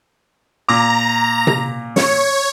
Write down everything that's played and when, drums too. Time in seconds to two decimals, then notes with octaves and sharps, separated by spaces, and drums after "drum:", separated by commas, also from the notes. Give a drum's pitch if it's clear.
0.69 A#2 A#5 D6
1.47 drum: tom C3
1.96 C#5, drum: snare